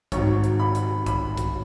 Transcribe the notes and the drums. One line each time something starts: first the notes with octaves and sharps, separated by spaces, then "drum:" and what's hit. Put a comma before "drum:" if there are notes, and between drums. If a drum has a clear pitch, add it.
G#1 G#2 F#3 C#6, drum: kick, hi-hat
drum: hi-hat
B5
drum: hi-hat
B5, drum: kick, hi-hat
drum: kick, hi-hat